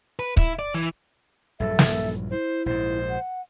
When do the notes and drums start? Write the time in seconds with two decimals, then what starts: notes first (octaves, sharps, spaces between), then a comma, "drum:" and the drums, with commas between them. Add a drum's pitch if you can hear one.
0.19 B4
0.37 E4, drum: kick
0.59 D5
0.74 E3
1.60 A#1 G2 F#3 A4 E5
1.79 drum: snare
2.31 E4 C5
2.66 A#1 G#2 C5
3.10 F#5